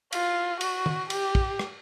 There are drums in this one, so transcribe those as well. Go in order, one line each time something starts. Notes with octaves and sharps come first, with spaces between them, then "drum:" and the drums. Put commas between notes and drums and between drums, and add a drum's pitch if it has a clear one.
F4, drum: cymbal
F#4, drum: cymbal
drum: tom D#3
G4, drum: cymbal
drum: kick
drum: rim click